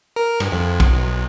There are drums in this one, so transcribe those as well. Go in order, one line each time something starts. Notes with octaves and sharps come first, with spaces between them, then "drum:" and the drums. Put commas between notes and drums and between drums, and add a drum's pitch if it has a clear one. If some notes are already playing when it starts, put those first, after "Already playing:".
A#4
G2, drum: cymbal
F2
drum: kick, cymbal
B1